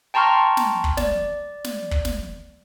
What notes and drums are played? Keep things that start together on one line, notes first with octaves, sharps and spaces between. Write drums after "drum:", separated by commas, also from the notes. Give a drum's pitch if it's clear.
G5 A5 A#5 C6 C#6 F6
drum: snare
drum: kick
D5, drum: snare
drum: snare
drum: kick
drum: snare